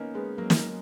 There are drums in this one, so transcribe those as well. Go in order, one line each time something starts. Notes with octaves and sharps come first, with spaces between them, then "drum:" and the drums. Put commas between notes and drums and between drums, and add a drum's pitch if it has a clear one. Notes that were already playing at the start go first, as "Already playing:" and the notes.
Already playing: A#3 B3 C#4 D#4
G#3 B3
F#3 A#3
drum: snare